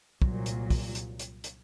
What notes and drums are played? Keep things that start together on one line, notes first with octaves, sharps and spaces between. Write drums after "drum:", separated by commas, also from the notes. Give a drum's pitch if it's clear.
C2 A#2 F#3, drum: kick
drum: hi-hat
drum: kick, open hi-hat
drum: hi-hat
drum: hi-hat
drum: hi-hat